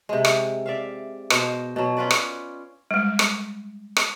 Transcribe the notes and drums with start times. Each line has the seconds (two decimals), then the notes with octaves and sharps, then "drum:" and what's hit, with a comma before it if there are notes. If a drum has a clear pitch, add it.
0.09 C3 G#3
0.25 drum: rim click
0.66 D5 E5 F5
1.30 B2 C5 D#5 F5, drum: rim click
1.76 B2 F#3
1.97 C#4 F4 B4 D5
2.11 drum: rim click
2.91 G3 G#3
3.19 drum: rim click
3.97 drum: rim click